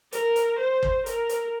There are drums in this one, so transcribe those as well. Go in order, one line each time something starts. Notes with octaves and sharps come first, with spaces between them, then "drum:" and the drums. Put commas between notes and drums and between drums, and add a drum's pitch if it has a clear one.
A#4, drum: hi-hat
drum: hi-hat
C5
drum: kick
A#4, drum: hi-hat
drum: hi-hat